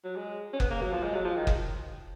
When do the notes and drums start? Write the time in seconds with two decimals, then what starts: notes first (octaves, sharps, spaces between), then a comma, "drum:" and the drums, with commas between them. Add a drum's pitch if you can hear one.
0.04 F#3
0.16 G#3
0.53 C#4
0.60 B3, drum: kick F#1
0.71 A#3
0.82 F#3
0.93 F3
1.03 G#3
1.14 F#3
1.24 F3
1.36 D#3
1.47 drum: kick F#1